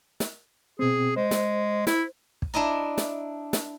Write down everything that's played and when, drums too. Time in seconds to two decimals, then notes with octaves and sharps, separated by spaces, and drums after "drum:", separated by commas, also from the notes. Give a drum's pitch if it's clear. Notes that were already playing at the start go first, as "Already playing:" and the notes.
0.20 drum: snare
0.79 B2 C4 G#4
1.16 G#3 C5
1.31 drum: snare
1.87 E4, drum: snare
2.42 drum: kick
2.54 D4 E4 D#5 A#5
2.98 drum: snare
3.53 drum: snare